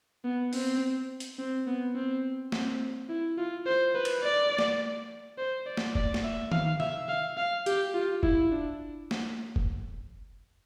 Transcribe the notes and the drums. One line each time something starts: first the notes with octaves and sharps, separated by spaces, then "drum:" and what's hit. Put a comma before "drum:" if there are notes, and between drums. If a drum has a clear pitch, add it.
B3
C4, drum: open hi-hat
drum: hi-hat
C4
B3
C4
C4, drum: snare A#3
E4
F4
C5
B4
drum: cymbal
D5
drum: snare A#3
C5
D5
drum: snare A#3
D5, drum: kick F1
drum: snare A#3
E5
F5, drum: tom D#3
E5, drum: tom C3
F5
F5
G4, drum: hi-hat
F4
E4, drum: kick F1
D4
drum: snare A#3
drum: kick F1